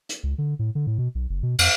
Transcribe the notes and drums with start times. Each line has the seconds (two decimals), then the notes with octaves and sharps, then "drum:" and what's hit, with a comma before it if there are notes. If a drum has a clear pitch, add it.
0.09 drum: hi-hat
0.23 C#2
0.38 D3
0.59 A2
0.75 D3
0.87 A2
0.98 B2
1.15 B1
1.30 F#1
1.43 B2
1.59 F2, drum: cymbal